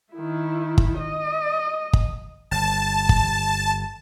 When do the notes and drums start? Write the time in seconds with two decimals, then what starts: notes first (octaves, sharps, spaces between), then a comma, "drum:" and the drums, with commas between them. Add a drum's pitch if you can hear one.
0.14 D#3 E4
0.78 drum: kick
0.99 D#5
1.93 drum: kick
2.51 G1 A5
3.09 drum: kick